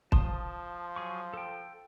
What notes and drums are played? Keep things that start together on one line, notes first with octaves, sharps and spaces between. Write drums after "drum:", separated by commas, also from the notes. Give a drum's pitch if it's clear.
F3 A5 C6 D#6, drum: kick
F#3 G#4 C#6
A4 G5